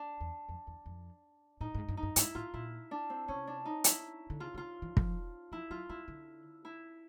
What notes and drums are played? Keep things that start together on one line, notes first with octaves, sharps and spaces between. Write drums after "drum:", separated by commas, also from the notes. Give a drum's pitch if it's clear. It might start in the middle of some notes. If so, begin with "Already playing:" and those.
Already playing: D4
E2
F2
E2
F2
A2 D#4
G#2
G2
D#4
G2
G#2 E4, drum: hi-hat
A2 F4
A#2 E4
D4
C4
C3 C#4
D4
D#4
E4, drum: hi-hat
D3
C#3 F4
C#3
F4
E3
F3, drum: kick
F3 E4
F#3 F4
G3 E4
D3
E4